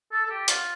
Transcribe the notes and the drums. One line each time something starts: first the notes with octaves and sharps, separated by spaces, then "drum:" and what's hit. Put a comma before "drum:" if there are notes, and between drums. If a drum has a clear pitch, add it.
A4
A4
G4
F4, drum: hi-hat